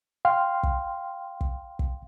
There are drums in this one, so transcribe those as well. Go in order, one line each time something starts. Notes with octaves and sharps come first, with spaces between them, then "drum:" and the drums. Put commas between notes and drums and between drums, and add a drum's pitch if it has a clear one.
F5 G5 C6 F6
drum: kick
drum: kick
drum: kick